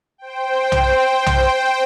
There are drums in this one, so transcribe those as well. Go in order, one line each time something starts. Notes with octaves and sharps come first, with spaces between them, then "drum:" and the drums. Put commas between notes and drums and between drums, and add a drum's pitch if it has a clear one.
C5 G5
drum: tom B1
drum: tom B1